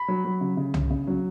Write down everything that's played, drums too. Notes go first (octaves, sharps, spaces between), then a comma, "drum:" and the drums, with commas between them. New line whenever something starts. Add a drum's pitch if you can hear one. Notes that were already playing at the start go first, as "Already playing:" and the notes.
Already playing: B5
F#3
F#3
C#3
C#3
C#3, drum: tom C2
C#3
F#3